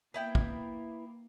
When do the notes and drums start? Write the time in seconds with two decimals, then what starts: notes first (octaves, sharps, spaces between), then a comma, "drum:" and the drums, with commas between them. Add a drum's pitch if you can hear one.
0.14 A#3 B3 E4 G5
0.35 drum: kick